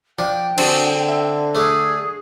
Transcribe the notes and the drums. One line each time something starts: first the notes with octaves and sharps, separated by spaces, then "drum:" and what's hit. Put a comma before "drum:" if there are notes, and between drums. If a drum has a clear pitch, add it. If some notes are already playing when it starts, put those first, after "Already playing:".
F3 D4 G5
D3 C4 D4 F#4 G#4, drum: cymbal
E5
A3 D4 G#4